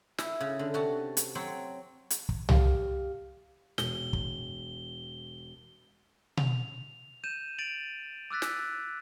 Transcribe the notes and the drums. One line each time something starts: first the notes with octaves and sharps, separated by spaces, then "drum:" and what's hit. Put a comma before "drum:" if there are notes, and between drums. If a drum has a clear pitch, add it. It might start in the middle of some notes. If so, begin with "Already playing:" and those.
E4, drum: snare
C#3
D3
C3 F#4 A5
drum: hi-hat
F#3 C4 G5
drum: hi-hat
drum: kick
G4 F5, drum: tom C2
E1 G7, drum: snare
drum: kick
F7, drum: tom B2
G6 D#7 E7
A6 D7 D#7 F7 F#7
D6 E6 F#6 A6 B6
drum: snare